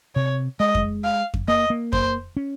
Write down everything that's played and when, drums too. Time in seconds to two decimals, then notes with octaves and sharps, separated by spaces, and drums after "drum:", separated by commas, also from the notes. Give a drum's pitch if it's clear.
0.16 C3 C#5
0.60 G#3 D#5
0.75 drum: kick F2
1.04 F5
1.34 drum: kick F2
1.48 A#3 D#5
1.70 A#3
1.93 C5, drum: kick F2
2.37 C#4